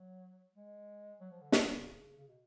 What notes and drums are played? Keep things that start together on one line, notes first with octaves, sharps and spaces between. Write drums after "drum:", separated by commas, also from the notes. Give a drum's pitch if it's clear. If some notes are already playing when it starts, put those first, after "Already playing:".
Already playing: F#3
G#3
F#3
F3
D3
C#3, drum: snare
B2
C#3
C#3
B2